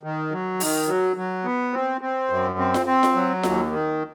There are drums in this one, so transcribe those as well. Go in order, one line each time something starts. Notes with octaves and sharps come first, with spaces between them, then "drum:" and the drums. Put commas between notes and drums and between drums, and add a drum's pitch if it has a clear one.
D#3
F#3
D#3, drum: open hi-hat
F#3
F#3
B3
C4
C4
F#2
C4
drum: snare F4
C4
drum: snare F4
F#3
D#2, drum: snare F4
D#3